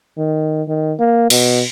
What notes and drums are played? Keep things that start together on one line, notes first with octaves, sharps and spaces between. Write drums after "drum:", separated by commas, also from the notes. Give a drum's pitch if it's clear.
D#3
D#3
A#3
B2, drum: cymbal